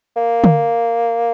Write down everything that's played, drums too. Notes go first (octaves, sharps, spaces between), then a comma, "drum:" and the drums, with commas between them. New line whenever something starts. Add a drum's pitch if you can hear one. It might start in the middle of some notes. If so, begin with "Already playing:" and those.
A#3
drum: tom D3